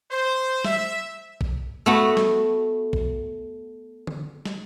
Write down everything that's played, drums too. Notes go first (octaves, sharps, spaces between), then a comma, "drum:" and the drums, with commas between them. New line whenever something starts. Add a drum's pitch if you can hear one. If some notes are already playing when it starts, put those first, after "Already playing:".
C5
E5, drum: snare
drum: kick
A3 B3 F#4
drum: snare
drum: kick
drum: tom D3
drum: snare